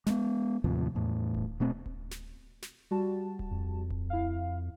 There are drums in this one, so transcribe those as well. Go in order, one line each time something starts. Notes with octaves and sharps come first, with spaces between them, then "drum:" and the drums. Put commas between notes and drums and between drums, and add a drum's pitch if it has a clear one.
G#3 A#3 B3, drum: snare
D#2 A2 C3 F3
E2 A2
drum: kick D1
B2 A3 C4
drum: kick D1
drum: snare
drum: snare
G3 F#4 A5
drum: kick D1
F2
drum: kick D1
E4 F5